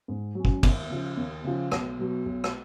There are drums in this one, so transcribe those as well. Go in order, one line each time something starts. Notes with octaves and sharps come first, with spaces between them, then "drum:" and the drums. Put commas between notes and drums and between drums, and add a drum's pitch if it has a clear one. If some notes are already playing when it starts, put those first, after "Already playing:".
G#2
F#3 C#4
drum: kick
D#2, drum: kick, cymbal
C#3 F3
D#2
C#3 F3
B1, drum: rim click
B2 F#3
B1
drum: rim click